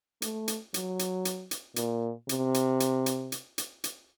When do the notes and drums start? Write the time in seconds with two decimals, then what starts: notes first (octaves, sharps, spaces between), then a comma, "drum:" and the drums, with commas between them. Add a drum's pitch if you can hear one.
0.22 A3, drum: hi-hat
0.48 drum: hi-hat
0.74 F#3, drum: hi-hat
0.99 drum: hi-hat
1.25 drum: hi-hat
1.51 drum: hi-hat
1.76 A#2, drum: hi-hat
2.29 C3, drum: hi-hat
2.54 drum: hi-hat
2.80 drum: hi-hat
3.06 drum: hi-hat
3.32 drum: hi-hat
3.58 drum: hi-hat
3.84 drum: hi-hat